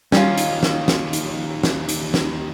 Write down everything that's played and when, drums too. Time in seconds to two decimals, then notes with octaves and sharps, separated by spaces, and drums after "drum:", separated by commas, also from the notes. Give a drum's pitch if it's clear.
0.12 D#2 G3 C#4 F4, drum: snare
0.38 drum: hi-hat
0.63 drum: snare
0.88 drum: snare
1.13 drum: hi-hat
1.63 drum: snare
1.89 drum: hi-hat
2.14 drum: snare